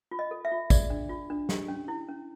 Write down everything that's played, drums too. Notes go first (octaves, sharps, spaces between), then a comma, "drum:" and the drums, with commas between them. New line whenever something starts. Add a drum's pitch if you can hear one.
F4
D#5
A4
E5
F4
G#4 D5, drum: kick A1, tambourine
D4
F4
D4
G4, drum: snare
C#4
E4
C#4